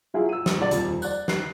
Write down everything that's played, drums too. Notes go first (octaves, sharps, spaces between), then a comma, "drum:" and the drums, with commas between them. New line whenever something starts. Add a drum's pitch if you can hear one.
F3 F#3 E4 F4 G#4
E6 D#7
drum: snare
A#1 D5
D#1 F2, drum: hi-hat
D5 F#6, drum: tambourine
F#6 C7, drum: snare